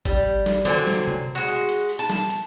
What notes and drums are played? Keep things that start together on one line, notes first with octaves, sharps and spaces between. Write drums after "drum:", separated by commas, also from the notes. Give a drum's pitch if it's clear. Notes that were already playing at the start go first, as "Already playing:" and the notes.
G3, drum: kick, hi-hat
drum: snare
D3 F#3 C4 G#5, drum: tom
drum: snare
drum: tom C3
G#3 F#4
drum: hi-hat
drum: hi-hat
drum: open hi-hat
A5
drum: snare
drum: hi-hat